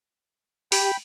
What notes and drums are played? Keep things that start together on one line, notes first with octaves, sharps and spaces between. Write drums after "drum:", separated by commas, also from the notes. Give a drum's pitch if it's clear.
G4 G5 B5, drum: open hi-hat